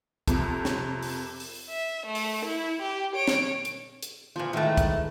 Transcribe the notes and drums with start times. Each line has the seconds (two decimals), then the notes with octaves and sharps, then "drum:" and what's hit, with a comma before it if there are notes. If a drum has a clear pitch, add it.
0.28 F2 C3, drum: kick, hi-hat
0.65 drum: snare
1.03 drum: open hi-hat
1.40 drum: open hi-hat
1.70 E5
2.06 A3
2.15 drum: open hi-hat
2.45 E4
2.82 G4
3.15 C#5 D7
3.28 drum: snare
3.65 drum: hi-hat
4.02 drum: hi-hat
4.36 A#2 F3 F4 B4 C5
4.53 A2 D#3 G#3 A3 B4
4.77 drum: kick, hi-hat